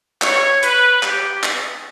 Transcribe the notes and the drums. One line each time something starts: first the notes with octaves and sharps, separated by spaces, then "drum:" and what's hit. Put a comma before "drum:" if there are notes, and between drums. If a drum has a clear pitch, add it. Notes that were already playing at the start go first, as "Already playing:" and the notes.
C#5, drum: clap
B4, drum: hi-hat
G4, drum: clap
drum: clap